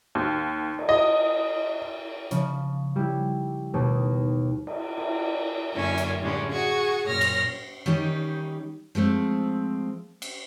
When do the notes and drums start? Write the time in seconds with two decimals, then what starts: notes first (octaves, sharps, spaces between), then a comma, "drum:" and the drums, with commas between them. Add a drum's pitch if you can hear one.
0.15 D#2
0.79 drum: cymbal
0.89 D#5
2.31 C#3 F3, drum: hi-hat
2.96 G3 E4
3.74 D#2 B2 A3
4.67 drum: cymbal
4.98 drum: cymbal
5.75 F#2 D3 A#3 C#4 E5 G#5
5.97 drum: hi-hat
6.20 A2 D3 G3 G#3 C#4
6.52 F#4 G#4 C#6
7.06 F#2 A#2 C#5 F6 A#6
7.21 drum: cymbal
7.86 D#3 G3 C#4 D#4 G4
8.95 F3 G#3 A3 C4
10.22 drum: cymbal